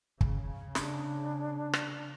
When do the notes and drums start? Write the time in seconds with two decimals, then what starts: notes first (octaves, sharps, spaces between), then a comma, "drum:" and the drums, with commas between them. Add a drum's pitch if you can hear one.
0.21 C#3, drum: kick
0.75 D4, drum: snare
1.73 drum: rim click